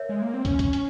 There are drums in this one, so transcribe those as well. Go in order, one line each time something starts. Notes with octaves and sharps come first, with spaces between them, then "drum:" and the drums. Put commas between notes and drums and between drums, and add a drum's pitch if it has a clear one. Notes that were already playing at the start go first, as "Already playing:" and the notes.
Already playing: A#4 C#5 E5
G#3
A#3
C4
C#4, drum: kick, hi-hat
drum: kick, hi-hat
drum: hi-hat